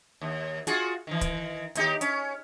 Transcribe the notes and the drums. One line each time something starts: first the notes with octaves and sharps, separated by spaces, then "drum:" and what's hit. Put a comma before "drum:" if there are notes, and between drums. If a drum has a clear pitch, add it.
D#2
F4 F#4 G#4, drum: hi-hat
D#3 E3
drum: kick, hi-hat
D#2 D#4 G4, drum: hi-hat
C#4, drum: hi-hat